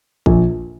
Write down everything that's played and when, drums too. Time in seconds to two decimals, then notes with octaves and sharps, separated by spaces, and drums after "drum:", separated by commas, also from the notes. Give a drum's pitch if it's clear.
0.26 A#1, drum: kick